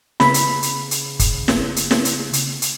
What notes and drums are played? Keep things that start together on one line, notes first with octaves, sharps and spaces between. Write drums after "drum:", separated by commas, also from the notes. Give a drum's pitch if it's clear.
C#3 B5, drum: snare
drum: hi-hat
drum: hi-hat
drum: hi-hat
drum: kick, hi-hat
drum: snare
drum: hi-hat
drum: snare
drum: hi-hat
drum: hi-hat
drum: hi-hat